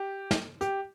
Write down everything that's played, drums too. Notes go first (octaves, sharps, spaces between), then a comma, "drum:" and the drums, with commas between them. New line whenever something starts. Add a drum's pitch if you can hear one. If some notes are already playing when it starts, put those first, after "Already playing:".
Already playing: G4
drum: snare
G4, drum: hi-hat